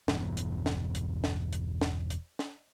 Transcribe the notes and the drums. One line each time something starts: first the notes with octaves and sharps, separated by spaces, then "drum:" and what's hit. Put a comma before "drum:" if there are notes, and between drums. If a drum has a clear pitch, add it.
E1 G2 E3 B3, drum: snare
drum: hi-hat
drum: snare
drum: hi-hat
drum: snare
drum: hi-hat
drum: snare
drum: hi-hat
drum: snare